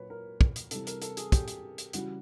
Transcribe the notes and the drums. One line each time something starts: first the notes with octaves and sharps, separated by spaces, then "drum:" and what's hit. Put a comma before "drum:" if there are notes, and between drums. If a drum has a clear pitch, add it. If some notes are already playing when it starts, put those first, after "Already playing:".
Already playing: A#2 F#3 B4 C#5
A#4
drum: kick
drum: hi-hat
C3 E3 G3 A4, drum: hi-hat
A#4, drum: hi-hat
A4, drum: hi-hat
G#4, drum: hi-hat
G4, drum: kick, hi-hat
drum: hi-hat
drum: hi-hat
C#3 E3 G3 F#4, drum: hi-hat